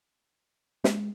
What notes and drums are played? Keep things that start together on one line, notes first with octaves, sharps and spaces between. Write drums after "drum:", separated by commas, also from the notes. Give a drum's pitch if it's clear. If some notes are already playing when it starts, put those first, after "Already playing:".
G#3, drum: snare